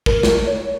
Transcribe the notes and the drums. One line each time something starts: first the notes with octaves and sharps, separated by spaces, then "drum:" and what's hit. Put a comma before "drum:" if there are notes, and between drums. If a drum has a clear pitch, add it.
A#4, drum: kick
drum: snare
C#5